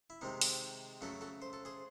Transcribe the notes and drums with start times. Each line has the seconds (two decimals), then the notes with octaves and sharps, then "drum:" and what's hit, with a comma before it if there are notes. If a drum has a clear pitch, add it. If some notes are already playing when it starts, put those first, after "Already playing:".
0.10 E4
0.21 C3 D#3 G#3 C4 D#4
0.41 drum: open hi-hat
1.01 C#3 F#3 A3 F#4 A4
1.21 F#4 A4
1.42 C5
1.53 A4
1.65 G#4 C5